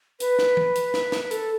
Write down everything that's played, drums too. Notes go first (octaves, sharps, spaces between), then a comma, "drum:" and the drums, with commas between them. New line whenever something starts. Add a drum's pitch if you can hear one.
B4, drum: hi-hat
drum: snare
drum: tom
drum: hi-hat
drum: snare
drum: snare
A4, drum: hi-hat